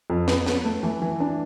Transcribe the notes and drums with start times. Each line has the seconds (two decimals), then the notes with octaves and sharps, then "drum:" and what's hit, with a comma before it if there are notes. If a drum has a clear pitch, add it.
0.10 F2
0.28 B3, drum: snare
0.46 B3, drum: snare
0.64 A3
0.83 E3
1.02 E3
1.20 D4